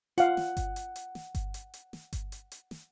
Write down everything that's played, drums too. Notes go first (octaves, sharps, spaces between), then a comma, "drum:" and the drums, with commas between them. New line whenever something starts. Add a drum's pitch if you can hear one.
F4 F5 F#5, drum: hi-hat
drum: snare
drum: kick G1, hi-hat
drum: hi-hat
drum: hi-hat
drum: snare
drum: kick G1, hi-hat
drum: hi-hat
drum: hi-hat
drum: snare
drum: kick G1, hi-hat
drum: hi-hat
drum: hi-hat
drum: snare